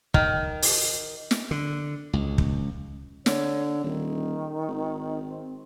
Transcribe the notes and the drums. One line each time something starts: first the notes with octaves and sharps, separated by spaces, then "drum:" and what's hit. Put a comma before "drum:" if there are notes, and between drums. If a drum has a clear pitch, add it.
D#3, drum: kick
drum: open hi-hat
drum: snare
D3
C#2
drum: kick
D3 C#5, drum: snare
D#1 D#3
G#1
C4